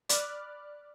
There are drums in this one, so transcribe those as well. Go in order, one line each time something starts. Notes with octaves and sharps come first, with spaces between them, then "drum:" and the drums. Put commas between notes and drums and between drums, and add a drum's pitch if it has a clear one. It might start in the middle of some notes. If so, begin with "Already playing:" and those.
D5 B5 D6 F6 F#6, drum: hi-hat